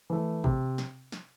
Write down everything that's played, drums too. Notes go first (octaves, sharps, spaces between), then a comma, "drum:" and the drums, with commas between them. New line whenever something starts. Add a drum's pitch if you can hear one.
E3 A3
C3, drum: kick G#1
drum: snare
drum: snare